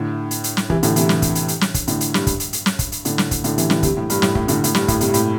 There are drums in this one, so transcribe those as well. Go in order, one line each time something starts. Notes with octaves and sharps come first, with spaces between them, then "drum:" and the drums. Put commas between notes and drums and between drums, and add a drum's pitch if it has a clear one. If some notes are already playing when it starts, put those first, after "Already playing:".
Already playing: A2 D3
drum: hi-hat
drum: hi-hat
drum: snare
C3 E3, drum: kick
A2 D3, drum: hi-hat
C3 E3, drum: hi-hat
drum: snare
drum: kick, hi-hat
drum: hi-hat
drum: hi-hat
drum: snare
drum: kick, hi-hat
A2 D3, drum: hi-hat
drum: hi-hat
G2, drum: snare
drum: kick, hi-hat
drum: hi-hat
drum: hi-hat
drum: snare
drum: kick, hi-hat
drum: hi-hat
A2 D3, drum: hi-hat
drum: snare
drum: kick, hi-hat
A2 D3, drum: hi-hat
C3 E3, drum: hi-hat
A2 D3, drum: snare
G2 C3, drum: kick, hi-hat
A2
G2, drum: hi-hat
A2, drum: snare
A2, drum: kick
A2 D3, drum: hi-hat
A2, drum: hi-hat
G2, drum: snare
A2, drum: kick, hi-hat
G2 C3, drum: hi-hat
A2, drum: hi-hat